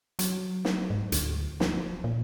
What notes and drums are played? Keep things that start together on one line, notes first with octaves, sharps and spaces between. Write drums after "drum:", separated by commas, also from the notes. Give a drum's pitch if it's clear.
F#3, drum: hi-hat
drum: snare
G#2
D2, drum: hi-hat
F3, drum: snare
A#2